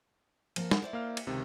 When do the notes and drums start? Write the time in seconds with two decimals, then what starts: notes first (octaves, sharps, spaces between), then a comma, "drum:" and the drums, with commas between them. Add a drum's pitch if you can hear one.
0.56 F3 A#3, drum: cymbal
0.71 drum: snare
0.82 E4 C5 D5
0.93 A#3 F5 F6
1.17 drum: cymbal
1.27 C#2 C3 D#3